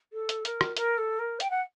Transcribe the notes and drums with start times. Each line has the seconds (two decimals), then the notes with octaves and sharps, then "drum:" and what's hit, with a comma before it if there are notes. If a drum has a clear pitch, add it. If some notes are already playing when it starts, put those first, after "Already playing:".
0.13 A4
0.29 drum: hi-hat
0.45 A#4, drum: hi-hat
0.61 drum: rim click
0.77 A#4, drum: hi-hat
0.98 A4
1.19 A#4
1.40 G5, drum: hi-hat
1.50 F#5